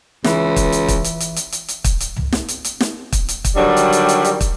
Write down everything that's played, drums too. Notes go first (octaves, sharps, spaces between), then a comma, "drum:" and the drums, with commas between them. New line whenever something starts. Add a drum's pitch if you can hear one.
C#2 E3, drum: snare
drum: kick, hi-hat
drum: hi-hat
drum: kick, hi-hat
drum: hi-hat
drum: hi-hat
drum: hi-hat
drum: hi-hat
drum: hi-hat
drum: kick, hi-hat
drum: hi-hat
drum: tom
drum: snare
drum: hi-hat
drum: hi-hat
drum: snare
drum: kick, hi-hat
drum: hi-hat
drum: kick, hi-hat
D3 D#3 F#3 G3
drum: hi-hat
drum: hi-hat
drum: hi-hat
drum: hi-hat
drum: kick, hi-hat